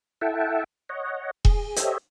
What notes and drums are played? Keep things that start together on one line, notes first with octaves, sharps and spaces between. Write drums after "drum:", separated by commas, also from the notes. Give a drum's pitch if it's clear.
E4 A4 E5 F#5 G5 A5
C#5 D#5 F#5
G#4, drum: kick E1
G4 A4 C5 C#5 D#5 E5, drum: hi-hat